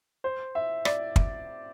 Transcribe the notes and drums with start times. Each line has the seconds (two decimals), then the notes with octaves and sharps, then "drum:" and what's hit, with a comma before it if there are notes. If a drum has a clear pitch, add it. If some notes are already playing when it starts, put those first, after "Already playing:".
0.24 C5
0.55 E5
0.85 D5, drum: rim click
1.16 drum: kick